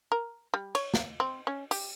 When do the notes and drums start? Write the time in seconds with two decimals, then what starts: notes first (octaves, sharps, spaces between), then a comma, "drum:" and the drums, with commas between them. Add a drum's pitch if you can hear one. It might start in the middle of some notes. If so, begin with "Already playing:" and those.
0.12 A#4
0.54 G3
0.75 C#5, drum: cymbal
0.94 drum: snare
1.20 C4
1.47 C#4
1.71 G4, drum: open hi-hat